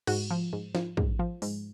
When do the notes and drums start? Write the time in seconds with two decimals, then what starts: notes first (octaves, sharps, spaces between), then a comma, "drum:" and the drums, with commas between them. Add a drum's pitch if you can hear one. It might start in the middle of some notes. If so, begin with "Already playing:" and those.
0.07 G#2 F#4, drum: cymbal
0.31 F3
0.53 G#2
0.75 F3, drum: snare
0.97 G#2, drum: kick
1.19 F3
1.42 G#2, drum: open hi-hat